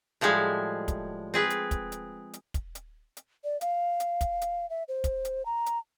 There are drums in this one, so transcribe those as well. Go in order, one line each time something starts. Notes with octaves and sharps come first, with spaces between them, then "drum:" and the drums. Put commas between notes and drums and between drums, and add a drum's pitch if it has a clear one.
A2 F3 G3 G#3
drum: kick, hi-hat
C4 G#4 B4
drum: hi-hat
drum: kick, hi-hat
drum: hi-hat
drum: hi-hat
drum: kick, hi-hat
drum: hi-hat
drum: hi-hat
D5
F5, drum: hi-hat
drum: hi-hat
drum: kick, hi-hat
drum: hi-hat
E5
C5
drum: kick, hi-hat
drum: hi-hat
A#5
drum: hi-hat